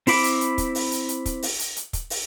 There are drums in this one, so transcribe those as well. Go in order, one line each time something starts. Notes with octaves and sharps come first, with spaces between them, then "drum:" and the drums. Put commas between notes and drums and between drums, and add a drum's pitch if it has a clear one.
C4 E4 B5 D6, drum: open hi-hat
drum: hi-hat
drum: hi-hat
drum: kick, hi-hat
drum: open hi-hat
drum: hi-hat
drum: hi-hat
drum: kick, hi-hat
drum: open hi-hat
drum: hi-hat
drum: hi-hat
drum: kick, hi-hat
drum: open hi-hat